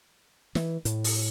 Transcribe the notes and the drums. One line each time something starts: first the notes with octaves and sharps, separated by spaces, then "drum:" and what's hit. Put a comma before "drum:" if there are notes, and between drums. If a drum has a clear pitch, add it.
E3, drum: snare
A2, drum: hi-hat
drum: open hi-hat